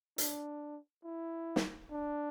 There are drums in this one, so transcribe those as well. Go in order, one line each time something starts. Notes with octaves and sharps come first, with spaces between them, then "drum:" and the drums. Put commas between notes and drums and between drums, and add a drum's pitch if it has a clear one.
D4, drum: hi-hat
E4
drum: snare
D4